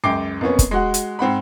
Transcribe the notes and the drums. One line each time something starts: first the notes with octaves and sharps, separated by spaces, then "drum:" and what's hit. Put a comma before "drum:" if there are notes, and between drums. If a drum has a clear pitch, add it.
C#2 F#2 G5 D6 C7
F2 A#3 B3 C#4
drum: kick, hi-hat
G#3 F#4 F#5
drum: hi-hat
G#2 C4 F#5 B5